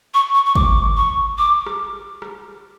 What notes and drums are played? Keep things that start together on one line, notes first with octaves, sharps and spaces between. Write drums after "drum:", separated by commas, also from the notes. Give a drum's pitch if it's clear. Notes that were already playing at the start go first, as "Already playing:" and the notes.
C#6
C#6
C#6
D6, drum: kick
C#6
D6
drum: rim click
drum: rim click